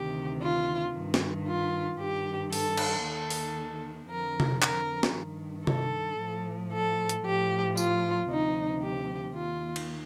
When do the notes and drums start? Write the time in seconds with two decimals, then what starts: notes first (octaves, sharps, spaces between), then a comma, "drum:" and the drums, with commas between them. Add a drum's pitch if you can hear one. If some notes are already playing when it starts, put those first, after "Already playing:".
Already playing: D2 C3 D#3 G4
0.43 F4
0.95 G2 D#3
1.14 drum: snare
1.47 F4
2.00 G2 D#3 G4
2.53 A4, drum: open hi-hat
2.77 drum: cymbal
3.04 D#2 D#3 A4
3.30 drum: open hi-hat
4.09 F2 D3 F3 A#4
4.40 drum: tom C3
4.62 A#4, drum: clap
5.03 drum: snare
5.15 G2 D#3
5.67 A4, drum: tom C3
6.20 A2 F3
6.72 A4
7.09 drum: hi-hat
7.25 A2 F3 G4
7.77 F4, drum: tambourine
8.29 D2 C3 F3 D#4
8.82 G4
9.35 D#2 D#3 F4
9.76 drum: cymbal